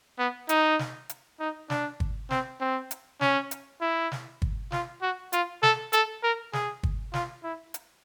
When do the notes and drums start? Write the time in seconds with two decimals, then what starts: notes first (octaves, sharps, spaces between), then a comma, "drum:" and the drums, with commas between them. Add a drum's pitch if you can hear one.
0.19 B3
0.49 D#4, drum: hi-hat
0.79 drum: snare
1.09 drum: hi-hat
1.40 D#4
1.70 D4, drum: snare
2.00 drum: kick G1
2.30 C4, drum: snare
2.61 C4
2.91 drum: hi-hat
3.21 C#4, drum: snare
3.51 drum: hi-hat
3.81 E4
4.12 drum: snare
4.42 drum: kick G1
4.72 F4, drum: snare
5.02 F#4
5.33 F4, drum: hi-hat
5.63 A4, drum: snare
5.93 A4, drum: hi-hat
6.23 A#4
6.53 G#4, drum: snare
6.83 drum: kick G1
7.14 F4, drum: snare
7.44 E4
7.74 drum: hi-hat